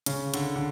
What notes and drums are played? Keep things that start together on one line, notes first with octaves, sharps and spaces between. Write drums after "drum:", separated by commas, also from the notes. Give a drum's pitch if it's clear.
C#3, drum: hi-hat
D3, drum: hi-hat
D3